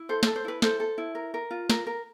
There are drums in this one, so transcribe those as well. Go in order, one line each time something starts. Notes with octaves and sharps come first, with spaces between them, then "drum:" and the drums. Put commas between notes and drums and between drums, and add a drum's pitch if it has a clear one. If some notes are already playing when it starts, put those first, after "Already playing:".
Already playing: E4
A4 C5
C5, drum: snare
A4
C5
E4 B4
A4 C5, drum: snare
A4
E4
A#4
A#4
F4
A#4, drum: snare
A#4